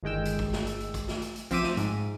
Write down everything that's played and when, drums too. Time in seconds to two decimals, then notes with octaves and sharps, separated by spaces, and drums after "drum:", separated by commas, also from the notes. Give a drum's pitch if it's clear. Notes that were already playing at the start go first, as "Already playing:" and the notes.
0.03 G1 D#3 G#3 G5 E6
0.25 drum: hi-hat
0.39 drum: kick A1
0.53 drum: snare
0.67 drum: hi-hat
0.80 drum: hi-hat
0.94 drum: kick A1, hi-hat
1.08 drum: snare
1.22 drum: hi-hat
1.36 drum: hi-hat
1.51 F3 C4 E5 D6 D#7, drum: kick A1, hi-hat
1.63 drum: snare
1.77 G#2, drum: hi-hat